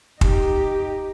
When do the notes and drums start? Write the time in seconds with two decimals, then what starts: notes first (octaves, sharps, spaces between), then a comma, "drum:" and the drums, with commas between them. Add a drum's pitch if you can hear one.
0.21 D#4 G4, drum: kick